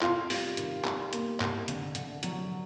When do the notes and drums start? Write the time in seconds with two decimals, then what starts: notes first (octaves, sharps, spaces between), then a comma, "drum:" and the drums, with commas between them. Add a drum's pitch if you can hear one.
0.01 C3 F4 F5, drum: clap
0.30 G3, drum: open hi-hat
0.57 D#3, drum: hi-hat
0.84 G3, drum: clap
1.13 A#3, drum: hi-hat
1.40 C2, drum: clap
1.68 D3, drum: hi-hat
1.95 D3, drum: hi-hat
2.23 F#3, drum: hi-hat